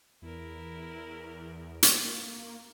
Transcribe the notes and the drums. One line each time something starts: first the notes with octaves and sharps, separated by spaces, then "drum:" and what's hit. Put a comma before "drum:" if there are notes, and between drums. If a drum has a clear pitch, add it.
E2 E4 A#4
drum: hi-hat
A#3